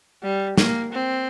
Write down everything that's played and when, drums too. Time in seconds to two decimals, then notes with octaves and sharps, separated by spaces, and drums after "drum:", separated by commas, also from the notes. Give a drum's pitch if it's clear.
0.23 G3
0.57 A#3, drum: snare
0.92 C4